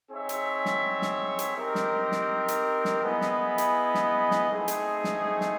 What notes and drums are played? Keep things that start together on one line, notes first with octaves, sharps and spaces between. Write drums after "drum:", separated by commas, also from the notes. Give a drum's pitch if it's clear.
C4 D#4 G#4 C#5 E5
drum: hi-hat
drum: snare
drum: snare
drum: hi-hat
C4 D#4 G4 A#4
drum: snare
drum: snare
drum: hi-hat
drum: snare
B3 E4 G#4 B4 D#5
drum: snare
drum: hi-hat
drum: snare
drum: snare
A3 C4 D#4 G#4
drum: hi-hat
drum: snare
drum: snare